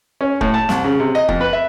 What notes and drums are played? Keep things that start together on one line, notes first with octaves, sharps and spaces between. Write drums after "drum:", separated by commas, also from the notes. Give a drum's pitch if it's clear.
C#4
A2, drum: kick
A5
C2, drum: snare
C#3
C3
D#5
F2, drum: kick
B4
E5